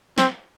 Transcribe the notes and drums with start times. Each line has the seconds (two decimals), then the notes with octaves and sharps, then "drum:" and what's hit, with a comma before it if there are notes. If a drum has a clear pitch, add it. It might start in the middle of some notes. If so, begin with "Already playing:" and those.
0.18 C4, drum: snare